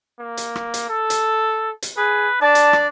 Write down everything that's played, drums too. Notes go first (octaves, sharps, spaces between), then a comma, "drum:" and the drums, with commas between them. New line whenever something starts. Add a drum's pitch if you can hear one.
A#3
drum: hi-hat
drum: rim click
drum: hi-hat
A4
drum: hi-hat
drum: hi-hat
G#4 B4
D4 D5 A5
drum: hi-hat
drum: rim click